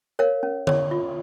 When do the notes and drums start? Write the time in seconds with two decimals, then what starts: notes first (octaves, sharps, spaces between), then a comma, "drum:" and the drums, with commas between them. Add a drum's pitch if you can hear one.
0.19 A#4 C#5 F5
0.43 C#4
0.67 C#5, drum: tom D3
0.91 F4